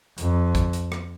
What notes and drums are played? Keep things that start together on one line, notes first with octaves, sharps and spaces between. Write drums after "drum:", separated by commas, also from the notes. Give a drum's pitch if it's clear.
F2, drum: hi-hat
drum: kick, hi-hat
drum: hi-hat
drum: rim click